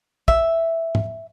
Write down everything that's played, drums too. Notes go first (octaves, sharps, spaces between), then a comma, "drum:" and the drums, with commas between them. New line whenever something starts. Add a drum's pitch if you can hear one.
E5, drum: kick
drum: tom